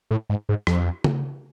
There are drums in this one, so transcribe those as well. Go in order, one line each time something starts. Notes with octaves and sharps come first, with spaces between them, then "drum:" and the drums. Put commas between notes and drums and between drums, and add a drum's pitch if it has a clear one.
A2
G#2
G#2
F2, drum: rim click
drum: tom C#3